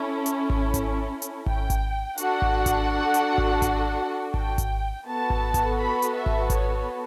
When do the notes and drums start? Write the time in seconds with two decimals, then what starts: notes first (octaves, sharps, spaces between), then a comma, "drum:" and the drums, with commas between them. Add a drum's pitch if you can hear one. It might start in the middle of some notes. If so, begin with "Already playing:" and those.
Already playing: C#4 E4 A4
0.26 drum: hi-hat
0.50 drum: kick G#1
0.74 drum: kick G#1, hi-hat
1.22 drum: hi-hat
1.46 G5, drum: kick G#1
1.70 drum: kick G#1, hi-hat
2.18 D4 F#4 A4 F#5, drum: hi-hat
2.42 drum: kick G#1
2.66 drum: kick G#1, hi-hat
3.14 drum: hi-hat
3.38 drum: kick G#1
3.62 drum: kick G#1, hi-hat
4.34 G5, drum: kick G#1
4.58 drum: kick G#1, hi-hat
5.06 B3 F#4 A4 A5
5.30 drum: kick G#1
5.54 drum: kick G#1, hi-hat
5.78 B5
6.02 drum: hi-hat
6.15 E5
6.26 drum: kick G#1
6.50 C#5, drum: kick G#1, hi-hat